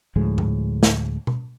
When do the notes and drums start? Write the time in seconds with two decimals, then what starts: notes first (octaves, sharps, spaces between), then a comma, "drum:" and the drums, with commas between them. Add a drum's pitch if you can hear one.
0.16 D2 A2 F3 G#3
0.38 drum: tom G#2
0.83 drum: snare
1.27 drum: tom B2